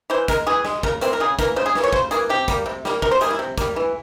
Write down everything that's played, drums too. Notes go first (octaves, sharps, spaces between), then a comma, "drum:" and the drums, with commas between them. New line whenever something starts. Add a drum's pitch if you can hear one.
E3 C5
G#3 A#4, drum: kick, hi-hat
E3 G#4
G#3, drum: snare
C#3 A#4, drum: kick
E3 A#3 C4, drum: hi-hat
A#4
C#3 G#4
E3 A#3 A#4, drum: kick, hi-hat
C#3 C5
G#4
E3 A#3, drum: snare
C#5
C#3 C5, drum: kick
E3 A#3 G#4, drum: hi-hat
C3 G4
G3 A#3, drum: kick, hi-hat
C3
G3 A#3, drum: snare
C3 A#4, drum: kick
C5
G3 A#3 G#4, drum: hi-hat
E4
C3
G3 A#3, drum: kick, hi-hat
E3